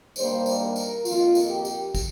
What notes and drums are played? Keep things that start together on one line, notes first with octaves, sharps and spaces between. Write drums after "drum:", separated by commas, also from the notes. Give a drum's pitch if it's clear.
G2 D#3 G3 A#3 C5, drum: tambourine
drum: tambourine
A#4
drum: tambourine
F2 D#3 A#3 F4, drum: tambourine
drum: tambourine
G4
drum: tambourine
drum: kick, tambourine